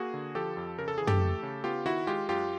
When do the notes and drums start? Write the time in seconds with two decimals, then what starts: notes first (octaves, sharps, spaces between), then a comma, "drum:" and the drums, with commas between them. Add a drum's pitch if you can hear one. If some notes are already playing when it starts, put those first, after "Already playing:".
Already playing: A#3 F#4 G#4
0.14 D3
0.35 F3 G4 A4
0.57 F2
0.78 C#3 A#4
0.88 A4
0.98 E3 G#4
1.07 G4 A4, drum: tom
1.21 A3
1.43 C#3
1.64 B3 F4 G4
1.86 D#3 E4 F#4
2.07 G#3 F4 G4
2.29 F#2 F4 G4